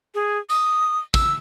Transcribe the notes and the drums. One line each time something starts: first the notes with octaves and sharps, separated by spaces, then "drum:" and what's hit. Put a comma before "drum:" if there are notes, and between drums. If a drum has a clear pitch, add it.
G#4
D#6, drum: tambourine
E6, drum: kick, tambourine